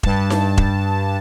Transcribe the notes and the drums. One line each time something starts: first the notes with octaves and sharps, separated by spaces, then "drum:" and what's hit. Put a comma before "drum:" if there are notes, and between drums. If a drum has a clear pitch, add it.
G2 A5, drum: kick E1
drum: snare D#4
drum: kick E1